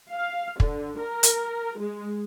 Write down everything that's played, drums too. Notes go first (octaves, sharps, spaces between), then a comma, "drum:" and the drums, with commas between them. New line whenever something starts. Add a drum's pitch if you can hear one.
F5
D3, drum: kick
A#4
drum: hi-hat
G#3